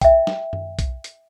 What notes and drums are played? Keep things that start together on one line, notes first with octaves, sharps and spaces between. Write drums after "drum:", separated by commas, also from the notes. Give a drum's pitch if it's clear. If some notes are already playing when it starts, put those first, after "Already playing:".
E5 G5, drum: kick B1, hi-hat
drum: snare
drum: tom F#2
drum: kick B1, hi-hat
drum: hi-hat